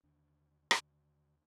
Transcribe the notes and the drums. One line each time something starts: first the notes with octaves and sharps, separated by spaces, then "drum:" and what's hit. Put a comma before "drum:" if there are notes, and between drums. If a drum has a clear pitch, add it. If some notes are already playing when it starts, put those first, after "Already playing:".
D#2 D3 D4
D#2 D3, drum: rim click